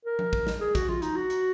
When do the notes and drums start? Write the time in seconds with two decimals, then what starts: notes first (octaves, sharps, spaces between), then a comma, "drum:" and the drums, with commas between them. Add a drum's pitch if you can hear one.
0.05 A#4
0.19 drum: tom F3
0.33 drum: kick
0.47 drum: snare
0.60 G#4
0.75 F#4, drum: kick, hi-hat
0.88 F4, drum: tom F3
1.02 D#4, drum: hi-hat
1.16 F#4
1.30 drum: hi-hat